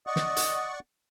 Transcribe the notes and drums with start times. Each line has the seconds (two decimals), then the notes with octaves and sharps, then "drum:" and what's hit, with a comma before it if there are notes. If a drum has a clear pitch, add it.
0.07 D5 D#5 F#5 C#6
0.16 drum: snare
0.36 drum: hi-hat